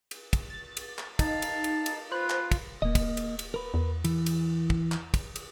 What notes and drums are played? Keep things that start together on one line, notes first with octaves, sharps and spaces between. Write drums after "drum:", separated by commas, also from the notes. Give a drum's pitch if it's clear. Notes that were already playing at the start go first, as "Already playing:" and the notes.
drum: cymbal
drum: kick, cymbal
A6
drum: cymbal
drum: clap
D#4 F5 A5, drum: kick, cymbal
drum: cymbal
drum: cymbal
drum: cymbal
F4 B4 C5 F#6
drum: clap
drum: kick, cymbal
D#1 A#3 D#5
drum: kick, cymbal
drum: cymbal
drum: cymbal
A#4 B4
E2
E3, drum: cymbal
drum: cymbal
drum: kick
drum: clap
drum: kick, cymbal
drum: cymbal